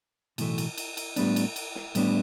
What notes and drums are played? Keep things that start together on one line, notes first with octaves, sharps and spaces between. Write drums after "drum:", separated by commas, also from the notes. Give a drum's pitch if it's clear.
B1 A2 E3 A3, drum: cymbal
drum: cymbal
drum: cymbal
drum: cymbal
A2 G3 B3 D4, drum: cymbal
drum: cymbal
drum: cymbal
drum: snare
A2 G3 B3 D4, drum: cymbal